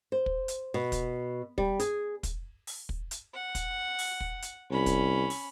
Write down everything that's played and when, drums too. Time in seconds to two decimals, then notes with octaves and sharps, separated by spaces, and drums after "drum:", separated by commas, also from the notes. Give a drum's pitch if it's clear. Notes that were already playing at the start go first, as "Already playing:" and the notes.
0.12 C5
0.26 drum: kick
0.48 drum: hi-hat
0.74 B2
0.92 drum: kick, hi-hat
1.58 G3, drum: kick
1.80 G#4, drum: hi-hat
2.23 drum: kick, hi-hat
2.67 drum: open hi-hat
2.89 drum: kick
3.11 drum: hi-hat
3.34 F#5
3.55 drum: kick, hi-hat
3.99 drum: open hi-hat
4.20 drum: kick
4.42 drum: hi-hat
4.70 C2 C#4 B5
4.86 drum: kick, hi-hat
5.30 drum: open hi-hat